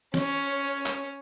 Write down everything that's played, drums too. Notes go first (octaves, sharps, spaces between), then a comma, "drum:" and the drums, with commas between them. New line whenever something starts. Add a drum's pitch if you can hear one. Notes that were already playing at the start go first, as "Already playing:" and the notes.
C#4 C#5, drum: snare
drum: clap